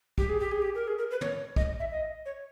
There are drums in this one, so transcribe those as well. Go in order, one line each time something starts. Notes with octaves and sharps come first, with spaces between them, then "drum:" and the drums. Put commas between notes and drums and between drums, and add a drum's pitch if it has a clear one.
G4, drum: kick
G#4
G4
G#4
G4
A#4
G#4
A#4
B4
C#5, drum: tom
D#5, drum: kick
E5
D#5
C#5